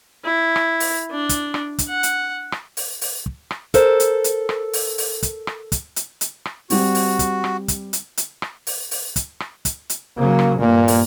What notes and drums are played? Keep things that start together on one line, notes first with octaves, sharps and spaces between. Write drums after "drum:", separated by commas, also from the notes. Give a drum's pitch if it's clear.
E4
drum: rim click
drum: open hi-hat
D4
drum: kick, hi-hat
drum: rim click
drum: kick, hi-hat
F#5
drum: hi-hat
drum: rim click
drum: open hi-hat
drum: open hi-hat
drum: kick
drum: rim click
A4 A#4 C5, drum: kick, hi-hat
drum: hi-hat
drum: hi-hat
drum: rim click
drum: open hi-hat
drum: open hi-hat
drum: kick, hi-hat
drum: rim click
drum: kick, hi-hat
drum: hi-hat
drum: hi-hat
drum: rim click
G3 C4 F#4, drum: open hi-hat
drum: open hi-hat
drum: kick, hi-hat
drum: rim click
drum: kick, hi-hat
drum: hi-hat
drum: hi-hat
drum: rim click
drum: open hi-hat
drum: open hi-hat
drum: kick, hi-hat
drum: rim click
drum: kick, hi-hat
drum: hi-hat
C#3 F#3 A#3
drum: rim click
G2 A#2 A#3
drum: open hi-hat